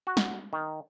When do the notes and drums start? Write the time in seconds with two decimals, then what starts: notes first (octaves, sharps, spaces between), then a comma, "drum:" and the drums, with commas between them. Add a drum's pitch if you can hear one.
0.07 F#4
0.17 drum: snare
0.53 D#3